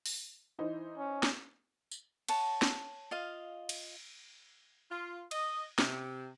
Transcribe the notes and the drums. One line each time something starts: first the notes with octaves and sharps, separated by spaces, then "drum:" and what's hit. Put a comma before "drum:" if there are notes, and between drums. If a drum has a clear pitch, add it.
drum: open hi-hat
E3 D#4 C5
C#4
drum: snare
drum: tambourine
C#5 F#5 A5, drum: cymbal
drum: snare
F4 D#5 F5
drum: cymbal
F4
D#5, drum: cymbal
C3, drum: snare